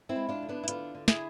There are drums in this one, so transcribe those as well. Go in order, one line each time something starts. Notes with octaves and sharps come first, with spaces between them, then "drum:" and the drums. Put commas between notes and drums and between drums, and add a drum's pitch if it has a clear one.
C4 E4
G#3
D4 F4
D3
B3 D4
E4
D3 D4 F4, drum: hi-hat
D3
E4 G#4, drum: snare